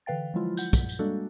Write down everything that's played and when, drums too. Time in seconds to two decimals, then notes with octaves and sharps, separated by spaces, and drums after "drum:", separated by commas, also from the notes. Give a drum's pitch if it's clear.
0.06 D3 E3 B4 F5 G5 A6
0.34 F3 F#3 G#3 E4 F4
0.57 F#5 G6, drum: tambourine
0.73 drum: kick, tambourine
0.89 drum: tambourine
0.99 G3 G#3 A#3 D4 F#4 A4